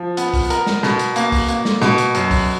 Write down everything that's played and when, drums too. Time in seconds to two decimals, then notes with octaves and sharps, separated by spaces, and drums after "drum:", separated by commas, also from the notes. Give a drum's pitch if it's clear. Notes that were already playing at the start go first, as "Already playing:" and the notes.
Already playing: F3
0.17 B3, drum: hi-hat
0.34 drum: kick, open hi-hat
0.50 A#4, drum: hi-hat
0.66 drum: snare
0.83 B2, drum: snare
0.99 drum: hi-hat
1.16 A#3, drum: hi-hat
1.32 drum: kick, open hi-hat
1.48 A#3, drum: hi-hat
1.65 drum: snare
1.82 B2, drum: snare
1.98 drum: hi-hat
2.15 F#2, drum: hi-hat
2.31 drum: kick, open hi-hat